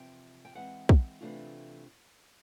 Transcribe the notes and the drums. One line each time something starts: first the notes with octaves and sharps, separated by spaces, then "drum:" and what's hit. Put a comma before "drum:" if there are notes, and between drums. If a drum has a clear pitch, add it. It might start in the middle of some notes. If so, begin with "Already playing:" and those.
Already playing: E2 C3 F3 G5
G5
E3 G#3 C4 F#5
drum: kick
C3 E3 A3 D4 F4